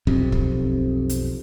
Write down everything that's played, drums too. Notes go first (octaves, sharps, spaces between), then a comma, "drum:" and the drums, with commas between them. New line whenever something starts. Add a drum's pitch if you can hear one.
B1 F2 C3, drum: kick
drum: kick
drum: hi-hat